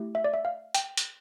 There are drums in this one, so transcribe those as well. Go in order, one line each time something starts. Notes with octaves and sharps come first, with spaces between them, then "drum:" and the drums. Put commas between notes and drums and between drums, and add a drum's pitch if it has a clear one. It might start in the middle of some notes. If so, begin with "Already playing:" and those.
Already playing: A3 E4 G4
E5
D5
E5
F5
G5, drum: hi-hat
drum: hi-hat